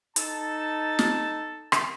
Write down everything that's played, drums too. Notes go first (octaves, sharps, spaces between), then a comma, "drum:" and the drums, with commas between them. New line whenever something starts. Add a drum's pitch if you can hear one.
D#4 A4 A5, drum: hi-hat
drum: snare
drum: rim click